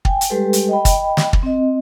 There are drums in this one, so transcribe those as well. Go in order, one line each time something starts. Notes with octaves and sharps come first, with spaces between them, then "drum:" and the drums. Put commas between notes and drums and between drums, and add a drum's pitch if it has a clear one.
G5 G#5, drum: kick
drum: hi-hat
G3 G#3 G4 A4 B4
drum: hi-hat
D#5 G5 B5
drum: kick, hi-hat
drum: snare
drum: kick
C4 D#5